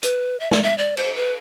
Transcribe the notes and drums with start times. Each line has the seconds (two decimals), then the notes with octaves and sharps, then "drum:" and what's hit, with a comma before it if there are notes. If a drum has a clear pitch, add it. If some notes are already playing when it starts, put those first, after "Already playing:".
0.03 B4, drum: hi-hat
0.40 E5
0.51 D5, drum: snare
0.63 E5
0.78 D5
0.97 C5, drum: cymbal
1.16 B4